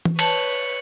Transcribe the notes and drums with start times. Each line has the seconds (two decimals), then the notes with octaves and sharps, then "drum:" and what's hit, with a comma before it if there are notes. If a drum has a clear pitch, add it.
0.05 drum: tom E3
0.19 B4 C#5 A5 C#7 F#7, drum: cymbal